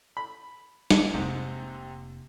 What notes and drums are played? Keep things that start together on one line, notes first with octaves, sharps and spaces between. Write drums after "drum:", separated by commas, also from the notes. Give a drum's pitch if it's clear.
B5
drum: snare D4
F1 G#2 C3 A#3 C4